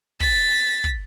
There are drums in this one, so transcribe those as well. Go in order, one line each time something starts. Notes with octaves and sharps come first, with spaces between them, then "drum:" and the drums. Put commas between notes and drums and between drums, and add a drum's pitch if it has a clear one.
A6 B6, drum: kick
drum: kick